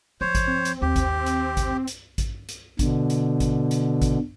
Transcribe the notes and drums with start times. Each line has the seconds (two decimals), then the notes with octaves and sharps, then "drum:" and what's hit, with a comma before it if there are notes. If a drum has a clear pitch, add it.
0.21 F3 C5 C#5
0.35 drum: kick A1, hi-hat
0.47 C4
0.65 drum: hi-hat
0.82 D#2 G4
0.96 drum: kick A1, hi-hat
1.26 drum: hi-hat
1.57 drum: kick A1, hi-hat
1.88 drum: hi-hat
2.18 drum: kick A1, hi-hat
2.49 drum: hi-hat
2.79 B2 D3, drum: kick A1, hi-hat
3.10 drum: hi-hat
3.40 drum: kick A1, hi-hat
3.71 drum: hi-hat
4.02 drum: kick A1, hi-hat